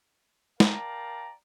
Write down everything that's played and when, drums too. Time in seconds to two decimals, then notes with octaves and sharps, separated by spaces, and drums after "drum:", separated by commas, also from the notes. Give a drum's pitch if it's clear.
0.60 A#4 D5 F5 G5 A5 A#5, drum: snare